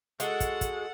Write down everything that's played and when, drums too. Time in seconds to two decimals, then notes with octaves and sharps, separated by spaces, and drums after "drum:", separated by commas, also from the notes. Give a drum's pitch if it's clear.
0.20 G#3 F#4 A4 F#5, drum: hi-hat
0.40 drum: kick, hi-hat
0.61 drum: kick, hi-hat